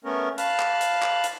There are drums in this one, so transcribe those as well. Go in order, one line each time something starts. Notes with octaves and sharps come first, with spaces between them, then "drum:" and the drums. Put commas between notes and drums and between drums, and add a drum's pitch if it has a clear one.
A3 B3 C#4 A#4
F5 A5 B5 F6 F#6, drum: hi-hat
drum: clap
drum: hi-hat
drum: clap
drum: hi-hat